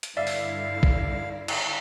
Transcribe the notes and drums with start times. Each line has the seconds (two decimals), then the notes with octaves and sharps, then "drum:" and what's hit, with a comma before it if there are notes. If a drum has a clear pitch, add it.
0.03 drum: hi-hat
0.17 G2 D3 E4 D5 E5 F5
0.27 drum: open hi-hat
0.83 drum: kick
1.48 drum: cymbal